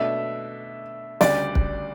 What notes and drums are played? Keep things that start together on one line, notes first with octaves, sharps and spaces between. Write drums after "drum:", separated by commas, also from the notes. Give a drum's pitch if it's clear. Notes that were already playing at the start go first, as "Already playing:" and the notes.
Already playing: B2 A3 D4 E5
D2 C#3 G3 D4 D5, drum: snare
drum: kick